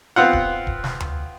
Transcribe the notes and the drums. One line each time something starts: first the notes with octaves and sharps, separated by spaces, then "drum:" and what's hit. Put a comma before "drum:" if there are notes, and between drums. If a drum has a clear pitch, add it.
B3 C4 F4 F#5
drum: kick D1
drum: kick D1
drum: snare
drum: tom D2